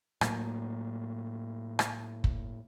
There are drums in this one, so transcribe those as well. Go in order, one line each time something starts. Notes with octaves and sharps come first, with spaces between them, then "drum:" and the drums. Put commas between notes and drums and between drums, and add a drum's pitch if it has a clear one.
A2 F#3 A#3, drum: rim click
drum: rim click
drum: kick